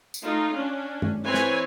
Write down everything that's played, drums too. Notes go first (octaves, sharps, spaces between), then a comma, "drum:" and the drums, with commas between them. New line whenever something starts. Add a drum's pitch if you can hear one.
drum: tambourine
A3 D#4 F4
C#4 D4
drum: tom
E3 C4 B4 C#5 G#5
drum: snare